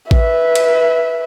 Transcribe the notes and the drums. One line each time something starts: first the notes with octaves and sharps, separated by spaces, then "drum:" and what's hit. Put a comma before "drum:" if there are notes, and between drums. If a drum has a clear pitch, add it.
B4 E5, drum: kick A1
drum: cymbal